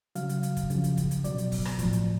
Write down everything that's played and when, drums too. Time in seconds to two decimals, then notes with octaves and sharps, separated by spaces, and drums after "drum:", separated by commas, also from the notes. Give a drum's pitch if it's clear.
0.15 C#3 F#3 F5, drum: hi-hat
0.29 drum: hi-hat
0.43 drum: hi-hat
0.57 drum: kick, hi-hat
0.70 C#3 F3, drum: hi-hat
0.84 drum: hi-hat
0.97 drum: kick, hi-hat
1.11 drum: hi-hat
1.24 B2 F#3 D5, drum: hi-hat
1.38 drum: hi-hat
1.52 drum: kick, open hi-hat
1.65 drum: rim click
1.79 A2 F3, drum: kick, hi-hat
1.93 drum: hi-hat